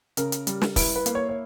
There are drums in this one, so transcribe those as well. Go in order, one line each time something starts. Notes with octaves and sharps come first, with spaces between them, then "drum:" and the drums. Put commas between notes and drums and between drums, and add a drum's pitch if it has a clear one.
C#3 A#4, drum: hi-hat
drum: hi-hat
G3, drum: hi-hat
drum: snare
E4 B4, drum: kick, open hi-hat
B4
A#3, drum: hi-hat
C#5
C#5